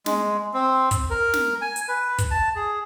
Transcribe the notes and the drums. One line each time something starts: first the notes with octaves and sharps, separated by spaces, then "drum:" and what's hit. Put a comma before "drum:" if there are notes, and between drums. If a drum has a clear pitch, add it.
G#3, drum: snare
C4
drum: kick, hi-hat
A#4
drum: snare
G#5
drum: hi-hat
B4
drum: kick, hi-hat
A5
G#4